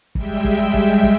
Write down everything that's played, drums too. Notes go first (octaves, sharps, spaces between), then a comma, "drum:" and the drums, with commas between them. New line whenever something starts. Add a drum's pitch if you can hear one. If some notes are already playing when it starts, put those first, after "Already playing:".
G3 G#3 E5 G5, drum: kick
drum: kick
drum: kick
drum: kick